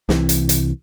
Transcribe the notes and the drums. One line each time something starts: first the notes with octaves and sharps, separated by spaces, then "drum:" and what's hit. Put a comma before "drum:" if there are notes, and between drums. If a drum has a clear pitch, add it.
C2 C3 E3, drum: snare
drum: hi-hat
drum: hi-hat